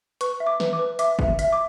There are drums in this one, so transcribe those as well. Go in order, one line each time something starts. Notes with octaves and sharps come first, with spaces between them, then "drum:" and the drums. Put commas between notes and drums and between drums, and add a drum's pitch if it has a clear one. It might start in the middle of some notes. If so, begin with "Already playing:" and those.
B4 C#6, drum: hi-hat
E5
D6
B4, drum: snare
D6
B4
E5 D6, drum: hi-hat
E5, drum: kick G1
E5, drum: hi-hat
D6